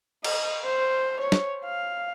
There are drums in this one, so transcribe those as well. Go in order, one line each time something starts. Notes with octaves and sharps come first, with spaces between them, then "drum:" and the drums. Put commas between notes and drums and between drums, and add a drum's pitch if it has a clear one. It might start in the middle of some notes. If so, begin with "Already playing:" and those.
D#5, drum: cymbal
C5
C#5
drum: snare
F5